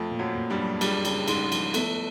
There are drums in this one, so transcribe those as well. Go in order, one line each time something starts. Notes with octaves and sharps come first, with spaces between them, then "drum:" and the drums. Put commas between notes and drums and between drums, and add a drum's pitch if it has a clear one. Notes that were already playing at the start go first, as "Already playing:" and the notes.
Already playing: F2 F3 A3
A#2
F#2 F#3
A#2
G2 G3
F#3
G2 G3 G#3, drum: cymbal
C#3, drum: cymbal
G#2 C#3 G#3, drum: cymbal
F3, drum: cymbal
A3 B3, drum: cymbal